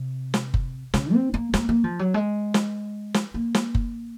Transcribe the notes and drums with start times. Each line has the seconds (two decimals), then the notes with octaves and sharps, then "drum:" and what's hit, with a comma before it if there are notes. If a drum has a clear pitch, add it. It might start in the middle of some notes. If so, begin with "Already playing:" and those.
Already playing: C3
0.34 drum: snare
0.54 drum: kick F#1
0.94 C#3, drum: snare
1.14 C4
1.34 A#3
1.54 A#3, drum: snare
1.69 A#3
1.84 F3
1.99 F#3
2.14 G#3
2.54 drum: snare
3.14 drum: snare
3.34 A#3
3.54 drum: snare
3.75 drum: kick F#1